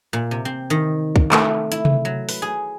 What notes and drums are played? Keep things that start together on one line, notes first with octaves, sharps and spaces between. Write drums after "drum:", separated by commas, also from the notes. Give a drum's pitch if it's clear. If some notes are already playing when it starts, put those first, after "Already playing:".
A#2
C3
C4
D#3
drum: kick
A3, drum: clap
E4, drum: hi-hat
drum: tom C3
F#3
B4, drum: open hi-hat
G#4